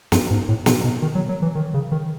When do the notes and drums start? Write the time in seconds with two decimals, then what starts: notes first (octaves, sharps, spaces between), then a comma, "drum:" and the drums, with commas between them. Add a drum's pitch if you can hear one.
0.12 F#2, drum: snare
0.31 G#2
0.49 A2
0.66 B2, drum: snare
0.84 B2
1.02 D#3
1.15 F#3
1.29 F#3
1.42 E3
1.55 D#3
1.74 C#3
1.92 D#3